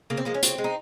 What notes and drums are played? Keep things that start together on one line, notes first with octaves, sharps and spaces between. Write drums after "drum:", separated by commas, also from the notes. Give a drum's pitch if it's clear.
C#3 A#3
C4
F3 G#3 A#3
C#4
C#3 C4, drum: hi-hat
G#3
D#4